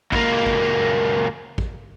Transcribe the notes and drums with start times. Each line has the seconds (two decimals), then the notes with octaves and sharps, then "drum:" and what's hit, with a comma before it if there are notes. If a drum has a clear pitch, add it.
0.12 C#2 A#3, drum: kick A1
0.46 drum: kick A1
1.58 drum: kick A1